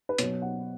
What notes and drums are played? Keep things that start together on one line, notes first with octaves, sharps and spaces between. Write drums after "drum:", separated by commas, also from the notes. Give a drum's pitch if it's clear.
B4
B2 F#3 C#5, drum: hi-hat
F#5